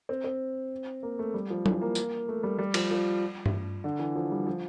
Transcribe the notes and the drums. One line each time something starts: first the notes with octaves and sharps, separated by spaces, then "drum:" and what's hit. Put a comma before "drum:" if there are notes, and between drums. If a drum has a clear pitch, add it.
C4
C4
A#3
A3
G3
F3
E3, drum: tom F#3
A#3
drum: tambourine
A3
G3
G3
F3, drum: cymbal
F3
drum: tom G2
D3
E3
F3
G3
F3